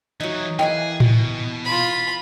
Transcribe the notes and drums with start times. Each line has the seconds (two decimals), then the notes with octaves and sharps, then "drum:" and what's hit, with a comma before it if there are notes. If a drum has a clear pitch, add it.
0.20 E3 F#3 D#4 F#4
0.59 E3 A#3 G#4 B4 D#5 G5
1.00 B2, drum: tom A2
1.65 F4 B5